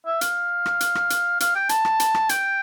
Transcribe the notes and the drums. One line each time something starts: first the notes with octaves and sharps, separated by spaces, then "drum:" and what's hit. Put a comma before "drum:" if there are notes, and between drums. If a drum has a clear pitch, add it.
E5
F5, drum: hi-hat
drum: rim click
drum: hi-hat
drum: rim click
drum: hi-hat
F5, drum: hi-hat
G5
A5, drum: hi-hat
drum: rim click
drum: hi-hat
drum: rim click
G5, drum: hi-hat